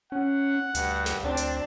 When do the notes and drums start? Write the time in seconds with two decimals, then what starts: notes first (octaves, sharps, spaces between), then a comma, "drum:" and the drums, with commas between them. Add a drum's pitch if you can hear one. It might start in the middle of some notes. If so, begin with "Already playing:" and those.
0.12 C#4 F#5
0.75 D2 G2, drum: hi-hat
1.06 drum: snare
1.23 D2 C4 D4
1.37 drum: hi-hat